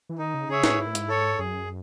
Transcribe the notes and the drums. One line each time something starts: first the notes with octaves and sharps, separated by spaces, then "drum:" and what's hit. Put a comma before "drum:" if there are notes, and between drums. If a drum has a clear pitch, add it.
E3
D#3 D#4
C#3
C#3 G#4 C#5 E5
A2, drum: snare D#4
G#2 E4
A2
G#2, drum: hi-hat
A4 C#5
F#2 G#4